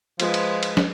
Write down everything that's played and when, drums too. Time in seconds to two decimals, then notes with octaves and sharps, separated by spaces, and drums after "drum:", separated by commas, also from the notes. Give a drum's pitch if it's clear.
0.20 F3 G#3 B4, drum: cymbal
0.34 drum: cymbal
0.63 drum: cymbal
0.77 drum: snare